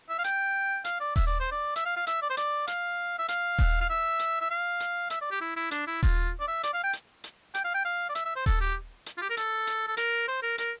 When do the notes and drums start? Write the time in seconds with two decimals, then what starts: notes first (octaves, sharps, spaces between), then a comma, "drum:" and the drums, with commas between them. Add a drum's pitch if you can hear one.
0.09 E5
0.18 F5
0.24 G5, drum: hi-hat
0.85 F5, drum: hi-hat
1.00 D5
1.16 E5, drum: kick D#1, open hi-hat
1.27 D5
1.40 C5
1.51 D5
1.76 E5, drum: hi-hat
1.85 F5
1.96 F5
2.07 E5, drum: hi-hat
2.22 D5
2.30 C5
2.37 D5, drum: hi-hat
2.68 F5, drum: hi-hat
3.19 E5
3.28 F5, drum: hi-hat
3.59 drum: kick D#1, open hi-hat
3.81 F5
3.90 E5
4.19 drum: hi-hat
4.41 E5
4.50 F5
4.80 drum: hi-hat
5.10 E5, drum: hi-hat
5.21 D5
5.31 G4
5.41 E4
5.56 E4
5.71 D4, drum: hi-hat
5.87 E4
6.03 F4, drum: kick D#1, open hi-hat
6.40 D5
6.48 E5
6.63 D5, drum: hi-hat
6.74 F5
6.83 G5
6.93 drum: hi-hat
7.24 drum: hi-hat
7.54 G5, drum: hi-hat
7.65 F5
7.74 G5
7.85 F5
8.09 D5
8.15 E5, drum: hi-hat
8.25 E5
8.36 C5
8.46 A4, drum: kick D#1, open hi-hat
8.61 G4
9.06 drum: hi-hat
9.17 F4
9.22 G4
9.30 A#4
9.37 A4, drum: hi-hat
9.67 drum: hi-hat
9.87 A4
9.97 A#4, drum: hi-hat
10.28 C5
10.43 A#4
10.58 A#4, drum: hi-hat